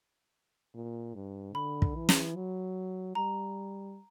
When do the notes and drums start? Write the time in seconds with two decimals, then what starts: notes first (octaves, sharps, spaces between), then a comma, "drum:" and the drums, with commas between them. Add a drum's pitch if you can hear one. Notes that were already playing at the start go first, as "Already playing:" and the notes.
0.75 A#2
1.15 G2
1.55 D3 B5
1.82 drum: kick
1.96 E3
2.09 drum: snare
2.36 F#3
3.15 G3 A#5